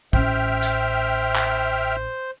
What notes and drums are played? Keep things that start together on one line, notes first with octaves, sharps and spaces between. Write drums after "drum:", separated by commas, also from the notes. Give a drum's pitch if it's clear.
A1 C#4 C5 E5 G5 F6, drum: kick
drum: hi-hat
drum: clap